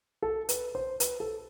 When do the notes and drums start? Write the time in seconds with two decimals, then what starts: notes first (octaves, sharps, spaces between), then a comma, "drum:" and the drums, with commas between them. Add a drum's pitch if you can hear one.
0.22 A4
0.49 B4, drum: hi-hat
0.75 C5
1.00 B4, drum: hi-hat
1.20 A4